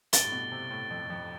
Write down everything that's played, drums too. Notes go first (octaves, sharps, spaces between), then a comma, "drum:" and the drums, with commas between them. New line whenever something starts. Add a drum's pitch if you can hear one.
G2 A6 D7 G7, drum: hi-hat
A2
B2
C3
A2
F2
F2